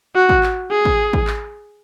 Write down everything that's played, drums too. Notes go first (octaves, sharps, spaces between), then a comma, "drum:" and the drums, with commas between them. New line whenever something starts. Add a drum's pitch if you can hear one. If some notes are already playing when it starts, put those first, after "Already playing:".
F#4
drum: kick
drum: clap
G#4
drum: kick
drum: kick
drum: clap